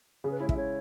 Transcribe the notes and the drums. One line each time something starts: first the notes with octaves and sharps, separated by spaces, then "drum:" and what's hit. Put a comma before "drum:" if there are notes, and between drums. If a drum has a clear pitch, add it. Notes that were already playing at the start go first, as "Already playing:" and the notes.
C#3 G#4
B4
G#3 E4 C#5
E5, drum: kick
C#3 C#5